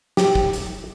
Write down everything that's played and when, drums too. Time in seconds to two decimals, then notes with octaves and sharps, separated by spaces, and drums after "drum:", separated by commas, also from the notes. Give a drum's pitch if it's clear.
0.17 G4, drum: snare
0.35 drum: kick
0.53 drum: hi-hat